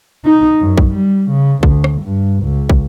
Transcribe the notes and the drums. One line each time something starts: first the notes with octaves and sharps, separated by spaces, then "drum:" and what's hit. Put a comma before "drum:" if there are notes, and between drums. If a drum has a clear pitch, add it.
D#4
F#2
drum: kick
G3
C#3
D2, drum: kick
drum: rim click
G2
C#2
drum: kick